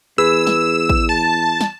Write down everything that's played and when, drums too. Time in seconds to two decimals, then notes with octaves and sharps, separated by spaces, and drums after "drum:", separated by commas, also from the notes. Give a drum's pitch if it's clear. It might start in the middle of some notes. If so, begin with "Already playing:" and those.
0.18 E2 G#4 B4 E6
0.47 drum: snare
0.89 drum: kick A1
1.09 A5
1.61 drum: snare